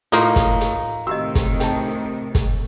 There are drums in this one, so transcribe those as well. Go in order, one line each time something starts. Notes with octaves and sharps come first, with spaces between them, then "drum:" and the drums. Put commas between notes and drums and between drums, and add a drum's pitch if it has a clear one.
A2 A#3 D#4 F4 C6, drum: hi-hat
drum: kick, hi-hat
drum: hi-hat
A2 C3 D#3 F#4 G4 D#5 E6
drum: kick, hi-hat
G5 A5, drum: hi-hat
drum: kick, hi-hat